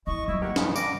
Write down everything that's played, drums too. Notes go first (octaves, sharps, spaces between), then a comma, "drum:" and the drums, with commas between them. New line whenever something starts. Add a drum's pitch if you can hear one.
E3 E4 D#5 C#6
F#3 E4
A3 A#3 G4 F#5
G2 C#3 E3 F3, drum: snare D4
G2 F#5 D6 A#6, drum: tambourine